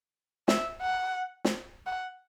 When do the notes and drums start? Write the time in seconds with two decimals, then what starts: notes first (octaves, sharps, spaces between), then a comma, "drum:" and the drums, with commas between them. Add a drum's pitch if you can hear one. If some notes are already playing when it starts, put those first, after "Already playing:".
0.48 E5, drum: snare
0.82 F#5
1.45 drum: snare
1.87 F#5